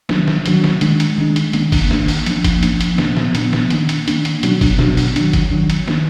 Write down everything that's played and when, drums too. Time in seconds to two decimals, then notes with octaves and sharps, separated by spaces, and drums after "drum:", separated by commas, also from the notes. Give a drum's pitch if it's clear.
0.09 D#3 F#3 D4, drum: snare
0.28 drum: snare
0.46 D#3 F#3 D4, drum: hi-hat
0.64 drum: snare
0.81 D#3 G#3 D4, drum: hi-hat
1.00 drum: hi-hat
1.18 D#3 G#3 D4
1.36 drum: hi-hat
1.53 D#3 A#3 D4, drum: hi-hat
1.72 drum: kick, open hi-hat
1.91 D#3 A#3 D4, drum: snare
2.08 drum: open hi-hat
2.26 F3 A#3 D4, drum: hi-hat
2.44 drum: kick, hi-hat
2.63 F3 A#3 D4, drum: hi-hat
2.81 drum: hi-hat
2.98 A#2 F3 B3 D4, drum: snare
3.17 drum: snare
3.35 A#2 F3 B3 D4, drum: hi-hat
3.53 drum: snare
3.70 D#3 A#3 D4, drum: hi-hat
3.89 drum: hi-hat
4.08 D#3 A#3 D4, drum: hi-hat
4.25 drum: hi-hat
4.43 B2 F#3 D4, drum: hi-hat
4.61 drum: kick, open hi-hat
4.79 B2 F#3 D4, drum: snare
4.97 drum: open hi-hat
5.16 D#3 F#3 D4, drum: hi-hat
5.33 drum: kick, hi-hat
5.51 D#3 F#3 D4
5.70 drum: hi-hat
5.88 D#3 A#3 D4, drum: snare